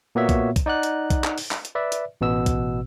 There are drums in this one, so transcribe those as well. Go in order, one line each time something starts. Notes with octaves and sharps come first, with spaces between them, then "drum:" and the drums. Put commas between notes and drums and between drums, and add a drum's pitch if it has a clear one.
A#2 A#3 B3 F#4 C#5 E5
drum: kick, hi-hat
drum: kick, hi-hat
D#4 D5 F#5 F#6
drum: hi-hat
drum: kick, hi-hat
drum: clap
drum: open hi-hat
drum: clap
drum: hi-hat
B4 D5 E5
drum: hi-hat
A1 B2 B3 E6
drum: kick, hi-hat